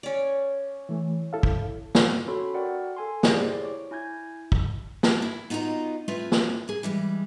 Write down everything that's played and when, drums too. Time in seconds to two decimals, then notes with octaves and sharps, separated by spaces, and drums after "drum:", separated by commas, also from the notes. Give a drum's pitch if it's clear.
0.03 C#4 D5
0.89 E3 A3
1.33 E4 A4 F5
1.43 drum: kick
1.95 drum: snare
2.27 C#4 F#4 A4 C#5 B5 C6
2.54 F#4 A#4 D5 F#5 G5
2.97 A4 G#5 C6
3.23 drum: snare
3.33 E4 G4 G#4 C5 D5
3.62 C#5 D6
3.91 E4 G#5 G6 G#6
4.52 drum: kick
5.03 drum: snare
5.22 E4
5.50 B3 D#4 F4 F#4 D#5 A#5
6.08 A3 C4 E4 F4 G#4 B4
6.32 drum: snare
6.68 A#3 G#4
6.83 E3 G3 G#3